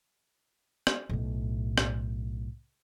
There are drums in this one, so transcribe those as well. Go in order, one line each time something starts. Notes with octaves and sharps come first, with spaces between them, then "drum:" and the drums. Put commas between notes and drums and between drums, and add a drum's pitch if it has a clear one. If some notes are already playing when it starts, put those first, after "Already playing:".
drum: rim click
B1 A2
drum: rim click